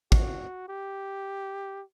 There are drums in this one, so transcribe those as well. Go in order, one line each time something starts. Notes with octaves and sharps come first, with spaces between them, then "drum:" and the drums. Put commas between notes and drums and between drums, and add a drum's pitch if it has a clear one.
F#4, drum: kick
G4